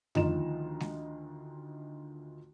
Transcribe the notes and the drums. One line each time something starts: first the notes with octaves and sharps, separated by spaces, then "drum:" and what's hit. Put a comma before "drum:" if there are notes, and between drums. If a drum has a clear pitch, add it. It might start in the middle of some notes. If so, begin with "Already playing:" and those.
D2 D#3 F3 D#4 F4 E7, drum: tom F2
drum: snare G#3